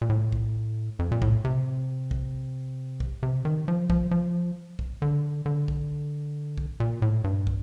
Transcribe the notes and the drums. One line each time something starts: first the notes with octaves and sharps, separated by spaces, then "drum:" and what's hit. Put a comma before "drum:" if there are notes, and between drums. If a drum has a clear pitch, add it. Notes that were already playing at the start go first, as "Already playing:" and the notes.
A#2
A2
drum: kick
F2
A#2
A2, drum: kick
C3
drum: kick
drum: kick
C3
D#3
F3
F3, drum: kick
F3
drum: kick
D3
D3
drum: kick
drum: kick
A#2
A2
G2
drum: kick